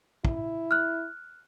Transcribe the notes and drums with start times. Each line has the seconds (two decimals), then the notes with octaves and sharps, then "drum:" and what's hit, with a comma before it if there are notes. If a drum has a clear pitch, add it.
0.25 E4, drum: kick
0.71 F6 F#6